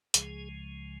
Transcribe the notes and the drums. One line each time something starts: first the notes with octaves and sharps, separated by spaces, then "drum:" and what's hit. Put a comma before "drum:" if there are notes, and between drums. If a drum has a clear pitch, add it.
C#2 C#3 F3 G#3 G#4, drum: hi-hat